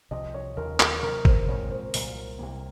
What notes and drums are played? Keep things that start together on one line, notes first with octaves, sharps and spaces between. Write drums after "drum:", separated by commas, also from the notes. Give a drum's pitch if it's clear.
C2 C3 F3 D#5
C#5
D#2 C#3 F3 A#4
A#4, drum: clap
C3 F#3 A#3 A#4
C5, drum: kick
A#2 G#3 C4 C#5
C5
C2 A#2 F#3, drum: open hi-hat
C2 C3 F3 A#3